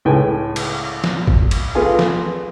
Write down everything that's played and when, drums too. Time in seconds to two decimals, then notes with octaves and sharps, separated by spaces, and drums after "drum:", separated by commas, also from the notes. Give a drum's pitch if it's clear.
0.05 C#2 A2 B4 G5 G#5
0.56 drum: cymbal
1.04 drum: snare
1.27 drum: kick G#1
1.51 drum: cymbal
1.75 A3 B3 F4 G#4
1.99 drum: snare